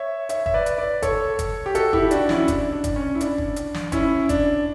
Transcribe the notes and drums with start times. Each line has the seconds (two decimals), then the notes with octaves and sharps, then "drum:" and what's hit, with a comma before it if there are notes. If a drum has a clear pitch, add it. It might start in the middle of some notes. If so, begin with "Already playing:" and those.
Already playing: C#5 E5
0.29 C#5 E5, drum: hi-hat
0.46 E5, drum: kick
0.54 B4 D5
0.66 drum: hi-hat
0.78 B4 D5
1.02 A4 C#5, drum: kick, hi-hat
1.39 drum: kick, hi-hat
1.66 G4
1.75 F#4 A4, drum: hi-hat
1.93 E4 G4, drum: kick
2.11 D4 F#4, drum: hi-hat
2.29 C#4 E4, drum: snare
2.48 D4, drum: kick, hi-hat
2.72 D4
2.84 drum: kick, hi-hat
2.96 C#4
3.15 E4
3.21 D4, drum: hi-hat
3.38 drum: kick
3.56 drum: hi-hat
3.74 drum: snare
3.92 C#4 E4, drum: kick, hi-hat
4.29 D4, drum: kick, hi-hat